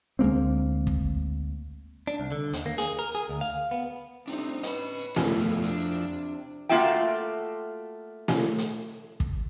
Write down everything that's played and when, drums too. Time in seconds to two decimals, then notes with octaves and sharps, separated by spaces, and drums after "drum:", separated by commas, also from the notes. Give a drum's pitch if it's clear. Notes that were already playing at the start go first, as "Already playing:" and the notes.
0.19 D2 G#3 A#3 C4
0.87 drum: kick
2.07 D4
2.20 C2
2.32 D3
2.53 D#2, drum: hi-hat
2.66 A#3
2.78 G#4, drum: hi-hat
2.99 A#4
3.15 G#4
3.29 D2
3.41 F5
3.71 B3
4.28 G3 A3 C4 D4 D#4
4.63 C#4 B4 D#5 B5, drum: hi-hat
5.16 F2 B2 F3 A3 E4, drum: snare A3
5.64 C3 D4
6.69 A3 A#3 F4 F#4 E5 G5
8.28 drum: snare A3
8.58 drum: hi-hat
9.20 drum: kick